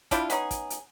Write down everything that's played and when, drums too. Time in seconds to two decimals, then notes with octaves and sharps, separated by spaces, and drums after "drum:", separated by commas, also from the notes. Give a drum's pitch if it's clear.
0.11 G3 D4 E4 F4, drum: kick, hi-hat
0.30 B3 C#4 D#4 G#4, drum: hi-hat
0.51 drum: kick, hi-hat
0.70 drum: hi-hat